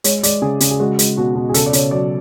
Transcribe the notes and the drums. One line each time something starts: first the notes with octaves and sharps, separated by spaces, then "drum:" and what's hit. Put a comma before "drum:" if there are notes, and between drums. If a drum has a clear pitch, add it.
G#3 C#5, drum: hi-hat
G#3 D5, drum: hi-hat
C#3 G#4
C#3 G#4, drum: hi-hat
G#4
G#3 F#4
G#3, drum: hi-hat
B2 F#4
B2
G#4
C#3 A4, drum: hi-hat
D5
C#3 C#5, drum: hi-hat
F#3 D5